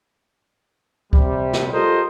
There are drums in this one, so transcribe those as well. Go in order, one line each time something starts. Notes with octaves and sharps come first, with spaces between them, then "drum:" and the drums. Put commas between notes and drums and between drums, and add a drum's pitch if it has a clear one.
C3 G3, drum: kick C#2
drum: snare
F4 G4 A4 A#4 C5 D#5